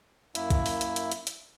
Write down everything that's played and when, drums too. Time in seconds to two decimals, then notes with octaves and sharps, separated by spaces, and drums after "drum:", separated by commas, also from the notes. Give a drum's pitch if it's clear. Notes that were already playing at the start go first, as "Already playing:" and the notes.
0.35 F#2 A#3 E4 E5, drum: hi-hat
0.50 drum: kick, hi-hat
0.66 drum: open hi-hat
0.81 drum: hi-hat
0.96 drum: hi-hat
1.12 drum: hi-hat
1.27 drum: hi-hat